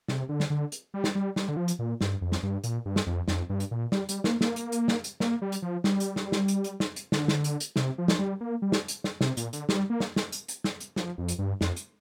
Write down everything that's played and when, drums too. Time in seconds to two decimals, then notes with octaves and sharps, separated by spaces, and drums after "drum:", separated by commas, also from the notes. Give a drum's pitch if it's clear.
0.08 C3, drum: snare
0.29 D3
0.40 drum: snare
0.50 D3
0.72 drum: hi-hat
0.94 G3
1.04 drum: snare
1.15 G3
1.36 G3, drum: snare
1.48 D3
1.57 F3
1.68 drum: hi-hat
1.79 A#2
2.01 G2, drum: snare
2.21 F2
2.32 drum: snare
2.43 G2
2.64 A#2, drum: hi-hat
2.86 G2
2.96 drum: snare
3.07 F2
3.28 F2, drum: snare
3.49 G2
3.60 drum: hi-hat
3.71 A#2
3.92 G3, drum: snare
4.09 G3, drum: hi-hat
4.24 A#3, drum: snare
4.41 A#3, drum: snare
4.56 drum: hi-hat
4.72 drum: hi-hat
4.88 drum: snare
5.04 drum: hi-hat
5.20 A#3, drum: snare
5.42 G3
5.52 drum: hi-hat
5.62 F3
5.84 G3, drum: snare
6.00 drum: hi-hat
6.16 drum: snare
6.32 drum: snare
6.48 drum: hi-hat
6.64 drum: hi-hat
6.80 drum: snare
6.96 drum: hi-hat
7.12 D3, drum: snare
7.28 drum: snare
7.44 drum: hi-hat
7.60 drum: hi-hat
7.76 C3, drum: snare
7.98 F3
8.08 drum: snare
8.19 G3
8.41 A#3
8.62 G3
8.72 drum: snare
8.88 drum: hi-hat
9.04 drum: snare
9.21 C3, drum: snare
9.37 A#2, drum: hi-hat
9.53 D3, drum: hi-hat
9.69 G3, drum: snare
9.90 A#3
10.00 drum: snare
10.16 drum: snare
10.32 drum: hi-hat
10.48 drum: hi-hat
10.64 drum: snare
10.80 drum: hi-hat
10.96 F3, drum: snare
11.18 F2
11.28 drum: hi-hat
11.39 G2
11.61 F2, drum: snare
11.76 drum: hi-hat